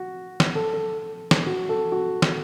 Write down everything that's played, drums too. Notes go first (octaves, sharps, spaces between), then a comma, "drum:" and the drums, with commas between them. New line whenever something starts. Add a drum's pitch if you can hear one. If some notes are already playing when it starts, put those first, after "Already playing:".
Already playing: F#4
drum: snare
A4
A4
drum: snare
F#4
A4
F#4
drum: snare